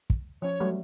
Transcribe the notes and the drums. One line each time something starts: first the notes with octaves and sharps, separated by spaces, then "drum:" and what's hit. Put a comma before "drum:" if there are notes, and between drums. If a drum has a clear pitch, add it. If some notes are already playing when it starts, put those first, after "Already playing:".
drum: kick
F3 C#4 C#5
F#3 G3 A3